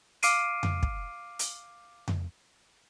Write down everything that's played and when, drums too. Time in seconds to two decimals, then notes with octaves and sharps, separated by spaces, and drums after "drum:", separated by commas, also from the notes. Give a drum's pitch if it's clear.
0.23 F5 D6 F6 C7 D7 D#7, drum: hi-hat
0.63 drum: tom F2
0.83 drum: kick
1.39 drum: hi-hat
2.08 drum: tom F2